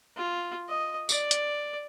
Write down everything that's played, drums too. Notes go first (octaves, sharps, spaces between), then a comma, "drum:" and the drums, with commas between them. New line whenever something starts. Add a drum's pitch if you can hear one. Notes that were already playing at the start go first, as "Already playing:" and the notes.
F4
D#5
D5, drum: tambourine
drum: hi-hat